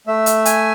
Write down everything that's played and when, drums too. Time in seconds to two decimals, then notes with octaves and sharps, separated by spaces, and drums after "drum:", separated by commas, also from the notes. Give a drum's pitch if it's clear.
0.07 A3 E5
0.26 drum: hi-hat
0.45 G#5, drum: hi-hat